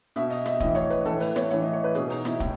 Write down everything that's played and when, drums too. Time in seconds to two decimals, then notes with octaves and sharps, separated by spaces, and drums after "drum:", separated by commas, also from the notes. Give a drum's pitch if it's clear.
0.16 B2 E5, drum: hi-hat
0.30 D#5, drum: open hi-hat
0.46 E5, drum: snare
0.60 A2 E3 D#5, drum: kick, hi-hat
0.71 D#5
0.75 C#5, drum: hi-hat
0.90 B4, drum: hi-hat
1.05 A2 E3 A4, drum: hi-hat
1.20 B4, drum: open hi-hat
1.36 C#5, drum: snare
1.51 A2 E3 C#5, drum: hi-hat
1.62 D#5
1.73 C#5
1.84 B4
1.95 B2 G#4, drum: hi-hat
2.10 D#4, drum: open hi-hat
2.25 E4, drum: snare
2.40 A2, drum: kick, hi-hat